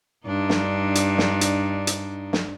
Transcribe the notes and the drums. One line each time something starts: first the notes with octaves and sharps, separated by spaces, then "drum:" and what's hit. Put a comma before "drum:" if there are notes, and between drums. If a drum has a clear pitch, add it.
G2 D4 D#4
drum: snare
drum: hi-hat
drum: snare
drum: hi-hat
drum: hi-hat
drum: snare